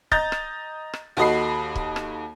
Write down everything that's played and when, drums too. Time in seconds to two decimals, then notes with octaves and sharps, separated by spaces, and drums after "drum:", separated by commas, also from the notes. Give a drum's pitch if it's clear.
0.12 D#5 A#5 G6 A6, drum: kick
0.32 drum: rim click
0.94 drum: rim click
1.17 D#2 F#4 A4 D#5 B5 C7
1.76 drum: kick
1.96 drum: rim click